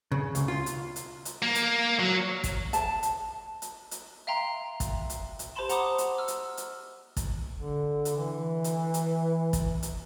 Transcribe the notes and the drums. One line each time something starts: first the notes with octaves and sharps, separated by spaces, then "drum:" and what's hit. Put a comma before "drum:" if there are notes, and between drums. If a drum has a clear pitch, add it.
C#3
C#2, drum: hi-hat
F4
drum: hi-hat
drum: hi-hat
drum: hi-hat
A#3
drum: hi-hat
F#3
drum: kick, hi-hat
A5, drum: hi-hat
drum: hi-hat
drum: hi-hat
drum: hi-hat
E5 F5 G5 A#5 C6
drum: kick, hi-hat
drum: hi-hat
drum: hi-hat
G4 C5 A5 B5 C6 E7
F#5 A#5 C6 D6 D#6, drum: hi-hat
drum: hi-hat
E6 F6
drum: hi-hat
drum: hi-hat
drum: kick, hi-hat
D3
drum: hi-hat
E3
drum: hi-hat
drum: hi-hat
drum: kick, hi-hat
drum: hi-hat